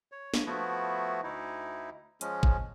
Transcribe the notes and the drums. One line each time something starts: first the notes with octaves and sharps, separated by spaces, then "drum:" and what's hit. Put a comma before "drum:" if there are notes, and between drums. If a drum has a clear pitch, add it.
C#5
drum: snare
F3 A3 B3 E4 F#4
D2 D#4 E4
F3 G#3 C#4, drum: hi-hat
drum: kick G#1